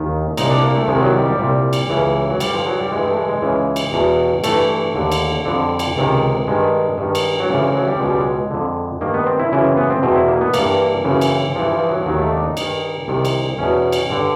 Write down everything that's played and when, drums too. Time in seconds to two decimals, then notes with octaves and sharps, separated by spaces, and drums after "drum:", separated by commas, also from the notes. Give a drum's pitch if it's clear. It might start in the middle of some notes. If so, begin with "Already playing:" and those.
Already playing: D#2 D#3
0.37 C2 A#2 D#4, drum: cymbal
0.50 D4
0.63 A#3
0.76 A3
0.88 C2 C3 D#3 G#3
1.01 F#3
1.14 G3
1.26 G3
1.39 C2 A#2 G3
1.73 drum: cymbal
1.90 C#2 C#3 E3
2.30 F#3
2.40 G2 D3 G3, drum: cymbal
2.54 F3
2.66 F#3
2.79 G3
2.91 G2 E3 G#3
3.04 A3
3.17 G#3
3.29 G#3
3.42 C#2 C#3 E3
3.76 drum: cymbal
3.93 E2 B2
4.44 G2 E3 A3, drum: cymbal
4.94 D#2 D3
5.12 drum: cymbal
5.45 F2 D3
5.79 drum: cymbal
5.96 C#2 C3 D#3
6.47 G2 D#3 G#3
6.98 G2 D#3
7.15 drum: cymbal
7.40 F#3
7.48 D2 C#3 E3 G3
7.61 F3
7.74 F#3
7.87 G3
8.00 C#2 B2 G#3
8.10 G3
8.20 G#3
8.50 F2 D3
9.01 G2 D#3 A#3
9.14 B3
9.26 C4
9.39 E4
9.52 F#2 C#3 E3 E4
9.64 C4
9.77 B3
9.90 C4
10.03 E2 B2 C4
10.16 E4
10.28 A#3
10.41 B3
10.54 G2 E3 A#3, drum: cymbal
11.04 F#2 C#3 E3
11.21 drum: cymbal
11.55 G2 E3 F3
11.72 F3
11.89 F#3
12.02 F3
12.06 D#2 D#3 F#3
12.19 A3
12.32 D4
12.44 D#4
12.57 G2 D#3, drum: cymbal
13.08 C2 C3 D#3
13.25 drum: cymbal
13.58 E2 B2 C#4
13.92 drum: cymbal
14.09 G2 D3